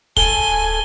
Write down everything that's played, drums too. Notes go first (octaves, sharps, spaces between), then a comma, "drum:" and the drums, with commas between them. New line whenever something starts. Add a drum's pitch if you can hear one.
A4 G#5 G7, drum: kick D1